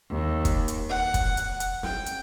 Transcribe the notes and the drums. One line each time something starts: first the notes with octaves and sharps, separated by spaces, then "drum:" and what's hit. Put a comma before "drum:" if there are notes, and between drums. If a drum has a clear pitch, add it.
D#2
drum: kick, hi-hat
drum: hi-hat
F#5
drum: kick, hi-hat
drum: hi-hat
drum: hi-hat
G5, drum: snare
drum: hi-hat